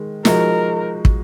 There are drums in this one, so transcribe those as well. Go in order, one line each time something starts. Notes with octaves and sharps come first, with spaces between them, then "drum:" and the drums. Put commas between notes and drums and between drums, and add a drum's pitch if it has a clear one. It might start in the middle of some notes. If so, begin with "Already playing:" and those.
Already playing: D#3 G#3
F3 G#3 D#4 F#4 A#4, drum: snare
drum: kick